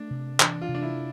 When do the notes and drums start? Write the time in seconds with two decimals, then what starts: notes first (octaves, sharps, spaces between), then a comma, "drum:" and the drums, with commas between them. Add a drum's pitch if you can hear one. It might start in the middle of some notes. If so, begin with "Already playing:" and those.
Already playing: A3 D4
0.11 C3
0.40 E3 D4, drum: clap
0.61 F4
0.69 C3
0.75 D4
0.82 E4